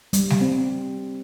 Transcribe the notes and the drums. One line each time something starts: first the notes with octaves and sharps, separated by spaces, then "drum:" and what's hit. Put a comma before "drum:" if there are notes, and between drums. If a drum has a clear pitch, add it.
G3, drum: hi-hat
drum: snare G3
C4